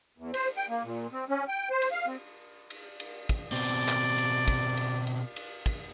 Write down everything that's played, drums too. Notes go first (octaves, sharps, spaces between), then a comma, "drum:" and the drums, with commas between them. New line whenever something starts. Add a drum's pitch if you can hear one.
E2
C5, drum: cymbal
G5
A#3
A#2
C4
C#4
G5
C5
drum: cymbal
F5
C4
drum: cymbal
drum: cymbal
drum: kick, cymbal
B2 C4 D5
drum: clap
drum: cymbal
drum: kick, cymbal
drum: cymbal
drum: cymbal
drum: cymbal
drum: kick, cymbal